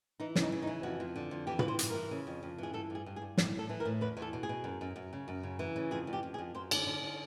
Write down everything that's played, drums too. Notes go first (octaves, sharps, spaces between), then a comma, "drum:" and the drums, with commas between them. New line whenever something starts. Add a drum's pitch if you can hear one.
E3 D#4
C#3, drum: snare
D#4
C#3
D#4
E3
F2 F#4
F2
D3
F2
E3 G4
E3 B4, drum: tom
C5
G2, drum: hi-hat
E3 A#4
C#3
F2
F2
E3 G#4
G2 A4
G2
G#4
G2
G#4
G2
A2, drum: snare
A2
A4
E3
A#4
A2
E2 B4
E2
A4
B2
G#4
B2
F#2
F#2
F#2
C#3
F#2
C#3
E3
C#3
F2 G#4
F2
G4
F2
G#4
F2
F#2 C5
D3 C#5, drum: cymbal
D3
D3